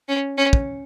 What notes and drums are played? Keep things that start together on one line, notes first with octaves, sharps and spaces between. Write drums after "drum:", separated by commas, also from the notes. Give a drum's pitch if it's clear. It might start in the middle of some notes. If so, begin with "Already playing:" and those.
C#4
C#4
drum: kick